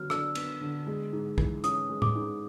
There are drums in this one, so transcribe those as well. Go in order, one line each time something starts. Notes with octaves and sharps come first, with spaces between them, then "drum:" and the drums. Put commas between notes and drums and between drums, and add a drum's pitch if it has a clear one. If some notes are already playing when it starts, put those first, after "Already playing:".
Already playing: D3 F#3 B3 F6
D4 E6, drum: rim click
B3, drum: cymbal
D3
G#3
G#2
E3, drum: kick
C#4 D#6, drum: hi-hat
G#3
D6, drum: tom
G#2